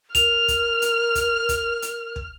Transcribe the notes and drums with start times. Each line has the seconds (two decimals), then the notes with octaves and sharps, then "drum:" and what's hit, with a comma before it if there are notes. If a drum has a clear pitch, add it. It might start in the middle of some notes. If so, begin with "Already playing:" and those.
0.15 A#4 F6 F7, drum: kick, hi-hat
0.48 drum: kick, hi-hat
0.82 drum: hi-hat
1.15 drum: kick, hi-hat
1.49 drum: kick, hi-hat
1.82 drum: hi-hat
2.16 drum: kick